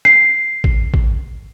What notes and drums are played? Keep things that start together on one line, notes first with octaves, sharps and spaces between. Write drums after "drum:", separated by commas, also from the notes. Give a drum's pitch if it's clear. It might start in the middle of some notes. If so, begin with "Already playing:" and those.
C7, drum: rim click
drum: kick A1
drum: kick A1